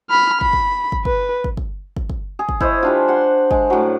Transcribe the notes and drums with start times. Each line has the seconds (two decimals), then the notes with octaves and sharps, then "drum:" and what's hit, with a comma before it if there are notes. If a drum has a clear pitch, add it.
0.10 B5 F6
0.41 B5, drum: kick
0.53 drum: kick
0.92 drum: kick
1.05 B4, drum: kick
1.44 drum: kick
1.57 drum: kick
1.97 drum: kick
2.10 drum: kick
2.39 G#4
2.49 drum: kick
2.61 E4 C5 C#5 D#5, drum: kick
2.83 G3 D4 F4
3.08 C5 F#5 C6
3.51 G#3, drum: kick
3.70 A2 F#3